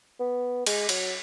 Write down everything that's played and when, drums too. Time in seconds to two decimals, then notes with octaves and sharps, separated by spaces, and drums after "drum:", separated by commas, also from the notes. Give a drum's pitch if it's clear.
0.20 B3
0.66 G#3, drum: cymbal
0.89 F#3, drum: cymbal